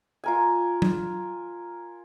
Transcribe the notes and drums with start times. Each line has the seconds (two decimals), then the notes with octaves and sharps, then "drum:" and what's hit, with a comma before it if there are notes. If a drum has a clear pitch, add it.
0.24 F4 A#4 G#5
0.82 drum: tom F#3